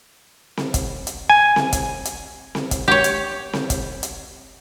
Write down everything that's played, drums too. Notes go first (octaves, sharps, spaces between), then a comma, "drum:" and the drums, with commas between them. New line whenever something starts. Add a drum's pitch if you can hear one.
drum: snare C4
drum: kick, hi-hat
drum: hi-hat
G#5
drum: snare C4
drum: kick, hi-hat
drum: hi-hat
drum: snare C4
drum: kick, hi-hat
G4 C#5
drum: hi-hat
drum: snare C4
drum: kick, hi-hat
drum: hi-hat